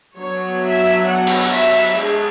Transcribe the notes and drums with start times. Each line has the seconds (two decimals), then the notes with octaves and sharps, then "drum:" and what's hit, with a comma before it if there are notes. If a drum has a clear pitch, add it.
0.17 F#3 B3 D4 C#5
0.63 E5
1.08 F#5
1.27 drum: cymbal
1.52 E5
1.98 G#3 D4 G#4